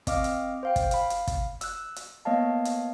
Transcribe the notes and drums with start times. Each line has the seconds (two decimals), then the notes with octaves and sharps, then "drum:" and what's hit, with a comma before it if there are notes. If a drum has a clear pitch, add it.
0.07 C4 D#5 F5 D6 F6, drum: kick, hi-hat
0.24 drum: hi-hat
0.63 C5 F5 G5
0.76 drum: kick, hi-hat
0.91 F5 B5, drum: hi-hat
1.10 drum: hi-hat
1.27 drum: kick, hi-hat
1.61 E6 F#6, drum: hi-hat
1.96 drum: hi-hat
2.25 A#3 B3 C#5 D#5 F5 A5
2.65 drum: hi-hat